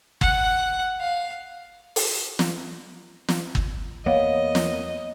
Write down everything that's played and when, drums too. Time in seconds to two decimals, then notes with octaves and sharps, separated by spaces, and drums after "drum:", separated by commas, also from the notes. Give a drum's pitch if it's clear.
0.21 F#5, drum: kick
1.00 F5
1.96 drum: open hi-hat
2.39 drum: snare
3.28 drum: snare
3.55 drum: kick
4.06 E2 A#3 B3 C#5 D#5 F5 F#5
4.55 drum: snare